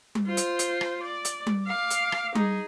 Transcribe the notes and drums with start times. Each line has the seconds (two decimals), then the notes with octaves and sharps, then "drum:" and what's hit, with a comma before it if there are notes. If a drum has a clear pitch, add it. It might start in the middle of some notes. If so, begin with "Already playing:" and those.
0.15 drum: tom G3
0.27 F4 C5
0.37 drum: hi-hat
0.59 drum: hi-hat
0.81 drum: rim click
1.03 D5
1.25 drum: hi-hat
1.47 drum: tom G3
1.65 F5 D6
1.90 drum: hi-hat
2.12 drum: rim click
2.35 D#4 G#4, drum: tom G3